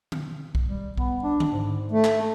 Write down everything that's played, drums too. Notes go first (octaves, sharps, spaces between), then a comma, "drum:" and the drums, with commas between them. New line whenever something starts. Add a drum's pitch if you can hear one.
drum: tom D3
drum: kick B1
G3
B3, drum: kick B1
D4
drum: tom D3
G#2
A3
drum: clap